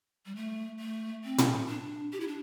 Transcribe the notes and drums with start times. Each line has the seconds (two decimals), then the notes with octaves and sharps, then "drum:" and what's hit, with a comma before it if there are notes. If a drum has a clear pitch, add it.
0.26 G3
0.36 A3
0.80 A3
1.24 C4
1.38 drum: tom
1.69 D4
2.12 G4
2.20 E4
2.27 D4